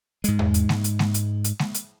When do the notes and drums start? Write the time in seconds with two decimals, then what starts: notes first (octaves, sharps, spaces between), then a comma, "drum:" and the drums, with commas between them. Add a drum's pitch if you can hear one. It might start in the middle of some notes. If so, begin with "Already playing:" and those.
0.24 G#2 G#3, drum: hi-hat
0.39 drum: tom E2
0.54 drum: hi-hat
0.69 drum: snare G#3
0.84 drum: hi-hat
0.99 drum: snare G#3
1.14 drum: hi-hat
1.44 drum: hi-hat
1.59 drum: snare G#3
1.74 drum: hi-hat